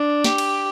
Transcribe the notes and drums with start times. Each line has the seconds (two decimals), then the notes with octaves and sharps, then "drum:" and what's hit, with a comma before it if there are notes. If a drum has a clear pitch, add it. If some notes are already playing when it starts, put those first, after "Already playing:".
Already playing: D4
0.24 G4, drum: snare
0.38 drum: cymbal